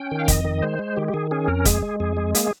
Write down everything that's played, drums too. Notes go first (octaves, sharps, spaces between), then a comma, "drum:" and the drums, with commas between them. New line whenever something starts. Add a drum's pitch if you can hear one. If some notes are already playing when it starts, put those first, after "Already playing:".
Already playing: C#4 G5
D#3
F5
F2 D#5, drum: kick, hi-hat
D#3
G#3 C5
G#3
D#3 G4
G4
D#3 G#4
C#4 G#4
F2 A#4
G#3 G#4, drum: kick, hi-hat
G#3
F2 G#4
G#3
A#3 G#4, drum: hi-hat